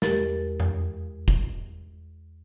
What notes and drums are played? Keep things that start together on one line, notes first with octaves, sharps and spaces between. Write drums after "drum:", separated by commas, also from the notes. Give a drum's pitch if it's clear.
E2 G#3 G4 A#4 A6, drum: snare
drum: tom F2
drum: kick